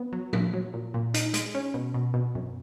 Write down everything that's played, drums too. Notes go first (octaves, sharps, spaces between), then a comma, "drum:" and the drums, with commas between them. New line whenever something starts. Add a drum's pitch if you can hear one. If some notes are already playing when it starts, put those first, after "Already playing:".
Already playing: B3
F#3
A#2, drum: tom F3
F#3
A#2
A#2
D#4, drum: hi-hat
G#3, drum: hi-hat
C#4
B2
B2
B2
F#2